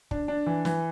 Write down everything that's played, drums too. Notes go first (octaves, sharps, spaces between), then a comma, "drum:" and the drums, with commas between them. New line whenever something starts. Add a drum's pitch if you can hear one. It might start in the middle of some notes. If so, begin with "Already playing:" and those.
D4, drum: kick
D4
E3
E3, drum: snare